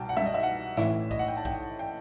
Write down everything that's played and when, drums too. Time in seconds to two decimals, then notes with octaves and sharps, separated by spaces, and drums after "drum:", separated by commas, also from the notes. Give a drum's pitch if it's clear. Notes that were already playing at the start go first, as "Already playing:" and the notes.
Already playing: C2 B2 G5 A5
0.09 F#5
0.17 E5, drum: tom G3
0.26 D#5
0.34 E5
0.43 F#5
0.77 A1 A2 E3 E5, drum: hi-hat
1.11 D#5, drum: kick A#1
1.19 F#5
1.28 G5
1.37 A5
1.45 G5, drum: kick A#1
1.79 G5